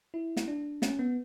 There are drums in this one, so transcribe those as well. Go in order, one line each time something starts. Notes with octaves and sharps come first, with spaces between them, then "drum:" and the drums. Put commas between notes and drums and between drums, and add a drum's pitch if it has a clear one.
E4
drum: snare
D4
C#4, drum: snare
B3